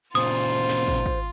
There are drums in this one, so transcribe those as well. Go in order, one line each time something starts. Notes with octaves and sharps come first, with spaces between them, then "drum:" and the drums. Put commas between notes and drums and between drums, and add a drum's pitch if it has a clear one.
A#2 C#3 F4 C5 D#6, drum: tambourine
drum: tambourine
drum: tambourine
drum: snare
drum: kick, tambourine
drum: kick